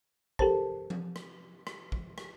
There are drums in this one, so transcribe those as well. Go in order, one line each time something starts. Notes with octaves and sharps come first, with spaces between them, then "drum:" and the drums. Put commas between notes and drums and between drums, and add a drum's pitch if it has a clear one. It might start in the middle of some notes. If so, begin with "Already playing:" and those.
G4 A4 A#4 C5 A5, drum: kick
drum: tom F3
drum: rim click
drum: rim click
drum: kick
drum: rim click